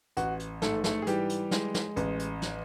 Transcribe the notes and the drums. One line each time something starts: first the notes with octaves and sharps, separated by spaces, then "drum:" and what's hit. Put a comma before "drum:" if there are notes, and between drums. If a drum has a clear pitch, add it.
A1 F#4, drum: hi-hat
drum: hi-hat
G#2 A3 A4, drum: snare
A3 A4, drum: snare
G#4
E3 G3 G4, drum: hi-hat
drum: hi-hat
G#3, drum: snare
drum: snare
A1, drum: hi-hat
drum: hi-hat
drum: snare